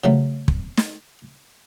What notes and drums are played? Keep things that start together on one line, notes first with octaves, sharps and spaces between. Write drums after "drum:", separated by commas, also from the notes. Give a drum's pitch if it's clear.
C#3 F3 F#3 A3
drum: kick
drum: snare